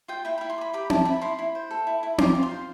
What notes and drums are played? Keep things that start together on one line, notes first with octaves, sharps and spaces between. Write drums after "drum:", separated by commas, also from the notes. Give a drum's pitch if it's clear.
F4 G5
E4 G5
E4 B5
C6
D5
B5
G4 B5
E4 A5, drum: tom C4
E4 B5
E4 C6
E4
C5
A4
E4
E4
F4 D6, drum: tom C4
F4
C6
C5